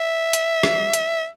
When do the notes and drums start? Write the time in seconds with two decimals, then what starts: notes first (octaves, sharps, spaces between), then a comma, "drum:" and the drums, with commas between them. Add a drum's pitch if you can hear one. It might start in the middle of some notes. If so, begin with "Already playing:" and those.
Already playing: E5
0.33 drum: hi-hat
0.63 drum: rim click
0.93 drum: hi-hat